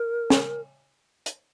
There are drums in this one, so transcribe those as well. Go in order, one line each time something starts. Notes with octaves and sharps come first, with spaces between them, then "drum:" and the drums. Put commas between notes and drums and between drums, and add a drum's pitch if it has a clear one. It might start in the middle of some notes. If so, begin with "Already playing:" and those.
Already playing: A#4
drum: snare
drum: hi-hat